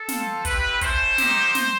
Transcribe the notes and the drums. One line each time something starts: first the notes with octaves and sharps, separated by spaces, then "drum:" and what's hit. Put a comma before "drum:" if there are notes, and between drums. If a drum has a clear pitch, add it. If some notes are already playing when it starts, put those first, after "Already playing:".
Already playing: A4
C4 F4, drum: snare
C4 E4 G4 B4, drum: kick, hi-hat
A3 C#4 E4 C5, drum: kick, hi-hat
A#3 D#4 G4, drum: snare
drum: snare